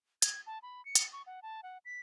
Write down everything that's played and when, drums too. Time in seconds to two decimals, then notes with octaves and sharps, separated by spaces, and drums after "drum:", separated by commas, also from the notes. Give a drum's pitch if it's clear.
0.22 G#6, drum: hi-hat
0.47 A5
0.63 B5
0.85 C#7
0.95 drum: hi-hat
1.13 C#6
1.26 F#5
1.42 A5
1.63 F#5
1.85 B6